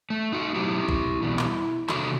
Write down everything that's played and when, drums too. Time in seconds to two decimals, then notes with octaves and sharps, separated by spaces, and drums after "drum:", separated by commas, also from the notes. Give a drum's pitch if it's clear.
0.10 A3
0.32 D#4 F#4
0.55 A2 F#3 A3 E4 G4
0.89 drum: kick A#1
1.05 drum: tom A#2
1.22 E2 B2 G3
1.39 drum: clap
1.89 E2 C3 D#3 F#4 A4, drum: clap